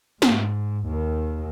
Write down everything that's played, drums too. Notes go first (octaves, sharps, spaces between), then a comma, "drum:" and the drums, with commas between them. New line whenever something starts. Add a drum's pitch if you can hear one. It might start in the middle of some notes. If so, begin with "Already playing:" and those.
G#2, drum: snare
D#2 D#3